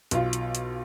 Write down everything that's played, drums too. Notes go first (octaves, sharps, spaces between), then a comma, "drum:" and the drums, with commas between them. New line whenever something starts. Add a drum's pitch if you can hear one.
B1 F4, drum: hi-hat
drum: hi-hat
drum: hi-hat